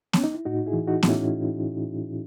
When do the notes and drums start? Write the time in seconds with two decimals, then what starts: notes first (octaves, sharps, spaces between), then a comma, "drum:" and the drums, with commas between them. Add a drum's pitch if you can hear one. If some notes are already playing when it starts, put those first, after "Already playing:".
0.13 C#4, drum: snare B3
0.24 D#4
0.35 E4
0.45 A2 D#4 F#4
0.67 E4 G#4
0.73 E3
0.87 D#4 F#4
1.03 A2, drum: snare B3
1.09 C#4 E4